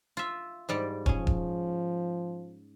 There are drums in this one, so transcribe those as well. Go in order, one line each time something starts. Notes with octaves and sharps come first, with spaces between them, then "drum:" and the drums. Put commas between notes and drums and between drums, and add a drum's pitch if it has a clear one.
F4 E5
G#2 G3 D5
F3 C#4 G#4, drum: kick
drum: kick